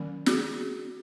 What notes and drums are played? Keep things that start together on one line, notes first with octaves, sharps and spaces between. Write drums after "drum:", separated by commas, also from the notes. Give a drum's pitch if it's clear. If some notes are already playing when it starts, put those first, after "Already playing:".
Already playing: D#3 F#3 A#3 C#4
F#4 G#4, drum: snare